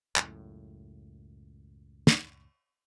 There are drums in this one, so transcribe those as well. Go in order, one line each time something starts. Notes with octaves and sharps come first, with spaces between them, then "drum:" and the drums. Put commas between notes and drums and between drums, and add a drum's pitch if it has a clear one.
C#2 F#2 A2, drum: clap
drum: snare